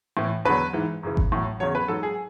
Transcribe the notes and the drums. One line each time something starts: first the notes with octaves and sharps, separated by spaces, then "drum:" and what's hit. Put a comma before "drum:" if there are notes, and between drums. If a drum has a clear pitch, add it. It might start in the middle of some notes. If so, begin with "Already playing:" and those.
A2 E3
E2 D3 F#3 B4
G#2 E3
F#2 C#3 E3
drum: kick G#1
A2 F#3
E2 C#3 F#3 C#5
B4
G#2 F#3 A4
G#4